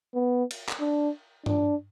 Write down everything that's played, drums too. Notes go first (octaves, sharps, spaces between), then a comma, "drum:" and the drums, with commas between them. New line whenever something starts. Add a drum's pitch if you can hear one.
B3
drum: cymbal
drum: clap
D4
D4, drum: tom G2